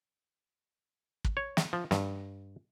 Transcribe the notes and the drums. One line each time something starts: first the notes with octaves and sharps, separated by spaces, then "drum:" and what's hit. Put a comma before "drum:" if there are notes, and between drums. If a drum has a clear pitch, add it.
drum: kick
C#5
drum: snare
F3
G2, drum: snare